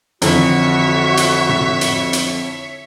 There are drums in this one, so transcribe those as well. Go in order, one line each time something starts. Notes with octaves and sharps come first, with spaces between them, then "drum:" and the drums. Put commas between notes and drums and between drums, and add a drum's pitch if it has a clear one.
F2 D3 E3 F#4 C#5 E5, drum: hi-hat
drum: hi-hat
drum: tom A2
drum: hi-hat
drum: hi-hat